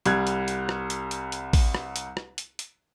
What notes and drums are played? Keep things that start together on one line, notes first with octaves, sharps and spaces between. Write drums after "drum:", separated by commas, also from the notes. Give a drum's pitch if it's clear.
C2 G3 F#6 G#6, drum: hi-hat
drum: hi-hat
drum: hi-hat
drum: rim click
drum: hi-hat
drum: hi-hat
drum: hi-hat
drum: kick, open hi-hat
drum: rim click
drum: hi-hat
drum: rim click
drum: hi-hat
drum: hi-hat